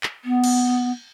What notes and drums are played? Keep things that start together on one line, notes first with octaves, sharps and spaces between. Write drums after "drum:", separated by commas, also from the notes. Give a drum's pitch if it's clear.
drum: clap
B3
drum: cymbal